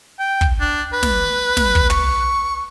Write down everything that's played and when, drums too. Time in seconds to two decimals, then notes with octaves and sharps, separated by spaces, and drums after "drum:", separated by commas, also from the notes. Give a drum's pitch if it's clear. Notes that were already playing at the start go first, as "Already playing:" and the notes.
0.19 G5
0.41 drum: kick
0.60 D4
0.93 B4
1.03 drum: snare
1.57 drum: snare
1.75 drum: kick
1.90 C#6, drum: tom